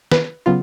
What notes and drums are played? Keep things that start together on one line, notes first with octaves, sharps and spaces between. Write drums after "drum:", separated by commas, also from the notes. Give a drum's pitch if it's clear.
B4, drum: snare
C#3 F#3 B3 F4